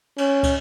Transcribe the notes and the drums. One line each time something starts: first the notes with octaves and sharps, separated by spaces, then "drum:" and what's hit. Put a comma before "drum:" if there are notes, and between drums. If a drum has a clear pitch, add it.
C#4, drum: cymbal
drum: kick, cymbal